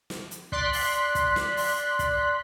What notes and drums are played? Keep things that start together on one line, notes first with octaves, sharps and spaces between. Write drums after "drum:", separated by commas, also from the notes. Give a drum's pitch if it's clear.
drum: snare
drum: hi-hat
D5 C6 F#6 B6, drum: kick
drum: open hi-hat
drum: kick, hi-hat
drum: snare
drum: open hi-hat
drum: kick, hi-hat